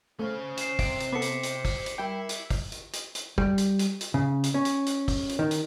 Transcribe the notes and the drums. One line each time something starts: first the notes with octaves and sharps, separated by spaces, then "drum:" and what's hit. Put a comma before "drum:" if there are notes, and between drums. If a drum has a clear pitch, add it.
A3 C#4 C5 F5
C7 E7, drum: hi-hat
C3 D7, drum: kick, open hi-hat
drum: hi-hat
B3 A4 D6 B6 C#7
drum: hi-hat
drum: hi-hat
drum: kick, open hi-hat
drum: hi-hat
G3 E4 A#4 E5 G5
drum: hi-hat
drum: kick, open hi-hat
drum: hi-hat
drum: hi-hat
drum: hi-hat
G3, drum: kick
drum: hi-hat
drum: hi-hat
drum: hi-hat
C#3
drum: hi-hat
C#4
drum: hi-hat
drum: hi-hat
drum: kick, open hi-hat
drum: hi-hat
D#3
drum: hi-hat